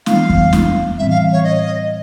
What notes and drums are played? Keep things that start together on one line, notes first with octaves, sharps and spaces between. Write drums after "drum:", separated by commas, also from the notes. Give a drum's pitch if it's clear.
E3 G3 B3 D4 F5, drum: snare
drum: kick F2
drum: snare
A2 E3 G3 C4 E5
F5
C#5
D#5